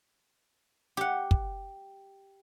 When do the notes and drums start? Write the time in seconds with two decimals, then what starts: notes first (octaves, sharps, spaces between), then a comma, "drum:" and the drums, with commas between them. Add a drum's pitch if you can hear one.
0.97 G4 F#5
1.31 drum: kick